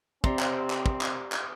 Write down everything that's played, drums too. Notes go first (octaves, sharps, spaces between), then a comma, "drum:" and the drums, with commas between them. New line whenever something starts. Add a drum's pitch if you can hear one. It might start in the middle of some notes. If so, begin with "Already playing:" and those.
C3 C4 D5 A#5 C6, drum: kick
drum: clap
drum: clap
drum: kick
drum: clap
drum: clap